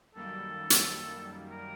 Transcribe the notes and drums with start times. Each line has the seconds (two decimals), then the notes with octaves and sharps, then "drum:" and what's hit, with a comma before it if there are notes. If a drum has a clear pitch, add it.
0.15 F#2 D#3 G3 A#3 A4
0.70 drum: hi-hat
1.50 A#4